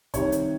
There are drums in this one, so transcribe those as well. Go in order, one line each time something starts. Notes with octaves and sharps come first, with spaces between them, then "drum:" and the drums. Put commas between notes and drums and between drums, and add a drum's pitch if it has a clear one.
C3 D#3 G3 C#5, drum: kick, hi-hat
drum: hi-hat